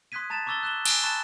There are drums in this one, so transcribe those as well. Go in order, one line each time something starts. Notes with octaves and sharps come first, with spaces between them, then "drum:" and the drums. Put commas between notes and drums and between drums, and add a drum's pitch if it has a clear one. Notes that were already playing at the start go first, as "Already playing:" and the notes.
C6 D#6 F#6 G#6 B6 D#7
A5 A#5 A6 D#7 E7
A#5 C#6 D6 E6 A6 G7
F#6 E7 G7
G#5, drum: cymbal
A5 B5 C#6 F#6 A6 E7